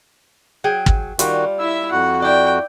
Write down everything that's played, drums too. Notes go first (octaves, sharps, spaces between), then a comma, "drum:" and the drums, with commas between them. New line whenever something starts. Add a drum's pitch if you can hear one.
F#3 G#4 G5
drum: kick
D#3 G3 F4 F#4, drum: hi-hat
E4 E5 E6
F2 F#4 F#5
E4 D5 G5